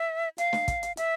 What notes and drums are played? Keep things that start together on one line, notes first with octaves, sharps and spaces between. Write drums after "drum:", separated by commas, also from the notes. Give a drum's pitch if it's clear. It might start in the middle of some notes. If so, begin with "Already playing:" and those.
Already playing: E5
F5, drum: hi-hat
drum: snare
drum: kick, hi-hat
drum: hi-hat
E5, drum: hi-hat